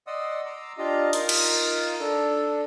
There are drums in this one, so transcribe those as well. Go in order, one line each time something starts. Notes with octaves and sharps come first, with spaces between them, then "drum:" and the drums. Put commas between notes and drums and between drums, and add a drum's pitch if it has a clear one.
D5 D#5 F#5 C6 D#6 E6
A#5 C6 D6 E6
D4 F4 G4 D#5 F5 A#5
D#4 F4 A#4 F5, drum: hi-hat
drum: cymbal
D4 A4